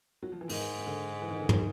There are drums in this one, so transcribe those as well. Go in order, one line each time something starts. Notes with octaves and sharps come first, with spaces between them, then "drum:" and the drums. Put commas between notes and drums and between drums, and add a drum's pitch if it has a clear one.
F#3
F3
E3
G#2 D#3, drum: open hi-hat
D#3
D3
E3
D#3
D3
D#3, drum: tom